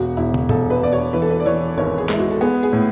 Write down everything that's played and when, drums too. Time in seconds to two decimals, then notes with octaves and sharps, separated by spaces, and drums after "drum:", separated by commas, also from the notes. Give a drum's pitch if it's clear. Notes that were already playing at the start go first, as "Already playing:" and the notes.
Already playing: E1 F#4
0.17 E1 E4
0.34 drum: tom
0.49 E1 A4, drum: tom A2
0.70 B4
0.82 E1 D5
0.93 C#5
1.13 E3 B4
1.22 A4
1.31 B4
1.40 D5
1.45 E3 C#5
1.77 G#1 C#5
1.98 G#4
2.09 G#3 E4, drum: clap
2.19 F#4
2.30 A4
2.41 B3 G#4
2.63 G#4
2.73 A2